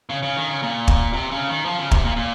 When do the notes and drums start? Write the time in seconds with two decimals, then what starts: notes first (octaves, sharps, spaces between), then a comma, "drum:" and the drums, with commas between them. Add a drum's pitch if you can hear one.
0.10 C#3
0.23 C#3
0.36 D#3
0.48 C#3
0.62 A#2
0.88 drum: kick
1.13 C3
1.31 C#3
1.48 D#3
1.65 F3
1.78 C#3
1.91 C3, drum: kick
2.05 A#2
2.17 A#2